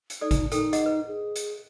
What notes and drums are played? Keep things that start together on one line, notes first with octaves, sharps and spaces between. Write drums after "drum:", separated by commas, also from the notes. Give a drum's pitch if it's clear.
drum: hi-hat
D#4 A4 D5
drum: kick G#1, hi-hat
D#4 A4 A#4 G5, drum: hi-hat
G#4 D#5 F#5, drum: hi-hat
B4
G#4
drum: hi-hat